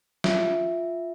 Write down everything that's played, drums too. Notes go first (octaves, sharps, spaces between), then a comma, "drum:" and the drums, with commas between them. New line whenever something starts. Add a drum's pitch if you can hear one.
F4 E5, drum: snare